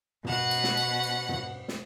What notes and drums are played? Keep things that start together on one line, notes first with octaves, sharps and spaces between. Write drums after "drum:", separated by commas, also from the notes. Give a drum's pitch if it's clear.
B2 F#5, drum: tom
drum: cymbal
drum: snare
drum: cymbal
drum: cymbal
drum: tom
drum: snare